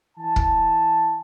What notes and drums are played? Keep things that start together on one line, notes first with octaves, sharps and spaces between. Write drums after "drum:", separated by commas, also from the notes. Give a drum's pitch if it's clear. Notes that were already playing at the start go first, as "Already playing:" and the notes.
E3 G#5 A5
drum: kick